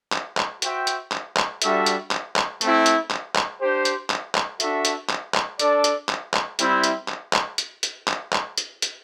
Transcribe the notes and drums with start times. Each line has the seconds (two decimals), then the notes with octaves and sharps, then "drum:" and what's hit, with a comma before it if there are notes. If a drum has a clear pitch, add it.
0.12 drum: clap
0.37 drum: clap
0.62 F#4 C5 E5 G5, drum: hi-hat
0.87 drum: hi-hat
1.12 drum: clap
1.37 drum: clap
1.62 G3 D4 F#4 A4 E5, drum: hi-hat
1.86 drum: hi-hat
2.11 drum: clap
2.36 drum: clap
2.61 A3 C4 E4, drum: hi-hat
2.86 drum: hi-hat
3.11 drum: clap
3.36 drum: clap
3.60 D4 G4 C5
3.85 drum: hi-hat
4.10 drum: clap
4.35 drum: clap
4.60 D4 F#4 A4 E5, drum: hi-hat
4.85 drum: hi-hat
5.10 drum: clap
5.34 drum: clap
5.59 D4 A4 D5, drum: hi-hat
5.84 drum: hi-hat
6.09 drum: clap
6.34 drum: clap
6.59 G3 C4 E4, drum: hi-hat
6.84 drum: hi-hat
7.08 drum: clap
7.33 drum: clap
7.58 drum: hi-hat
7.83 drum: hi-hat
8.08 drum: clap
8.33 drum: clap
8.58 drum: hi-hat
8.82 drum: hi-hat